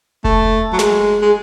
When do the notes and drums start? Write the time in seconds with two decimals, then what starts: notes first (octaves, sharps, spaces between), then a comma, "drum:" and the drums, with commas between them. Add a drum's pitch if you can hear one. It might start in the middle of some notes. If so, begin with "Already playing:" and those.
0.24 A3, drum: kick F1
0.72 F#3
0.79 G#3, drum: snare
1.22 G#3